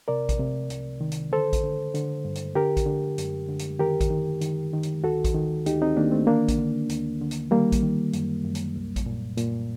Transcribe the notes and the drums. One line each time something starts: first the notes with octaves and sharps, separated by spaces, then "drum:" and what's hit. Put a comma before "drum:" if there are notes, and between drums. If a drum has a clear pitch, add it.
C3 A#4 D5
drum: kick A1, hi-hat
C3
C2, drum: hi-hat
D#3
drum: hi-hat
D3 A4 C5
drum: kick A1, hi-hat
D3
D3, drum: hi-hat
G2
drum: hi-hat
D3 G4 A#4
drum: kick A1, hi-hat
D3
F#2, drum: hi-hat
D3
drum: hi-hat
D#3 G4 A#4
drum: kick A1, hi-hat
D#3
D#3, drum: hi-hat
D#3
drum: hi-hat
D2 F#4 A4
drum: kick A1, hi-hat
D#3
D2 D#4 G4, drum: hi-hat
C4 D#4
D#3 A#3 D4
A3 C4
D3 A#3 D4
drum: kick A1, hi-hat
D3
D2, drum: hi-hat
D3
drum: hi-hat
D#3 G3 A#3
drum: kick A1, hi-hat
D#3
F#2, drum: hi-hat
F#2
drum: hi-hat
C2
drum: kick A1, hi-hat
A#2
A#2, drum: hi-hat